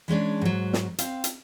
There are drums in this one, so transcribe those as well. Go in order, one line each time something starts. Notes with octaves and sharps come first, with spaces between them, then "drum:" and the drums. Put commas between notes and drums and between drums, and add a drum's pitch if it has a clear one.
E3 G#3 C#4 D4
G#2 F#3
drum: snare
C4 F5, drum: hi-hat
drum: hi-hat